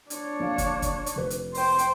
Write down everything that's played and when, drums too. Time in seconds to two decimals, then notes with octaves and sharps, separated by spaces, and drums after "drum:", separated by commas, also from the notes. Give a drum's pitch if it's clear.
0.10 D4 C#5, drum: hi-hat
0.40 A#1 F5
0.58 drum: kick, hi-hat
0.82 drum: kick, hi-hat
1.06 drum: hi-hat
1.16 F1 B4
1.30 drum: hi-hat
1.54 C5 G5, drum: open hi-hat
1.79 drum: hi-hat